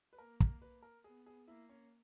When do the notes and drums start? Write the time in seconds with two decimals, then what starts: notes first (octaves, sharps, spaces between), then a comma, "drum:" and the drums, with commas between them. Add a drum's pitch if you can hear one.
0.13 B4
0.18 A#3 A#4
0.40 A#4, drum: kick
0.62 B4
0.83 A#4
1.04 B3 G#4
1.26 G#4
1.47 A#3 E4
1.69 C#4